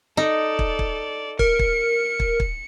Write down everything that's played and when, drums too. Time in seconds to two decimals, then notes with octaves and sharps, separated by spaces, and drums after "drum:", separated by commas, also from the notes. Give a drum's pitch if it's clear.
0.17 D#4 A4 D5
0.59 drum: kick
0.79 drum: kick
1.39 A#4 C#7, drum: kick
1.59 drum: kick
2.20 drum: kick
2.40 drum: kick